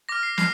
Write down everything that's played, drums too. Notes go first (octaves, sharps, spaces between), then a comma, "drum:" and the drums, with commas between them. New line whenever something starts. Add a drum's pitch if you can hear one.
D6 F6 A#6
C7
D6 F6 C7, drum: snare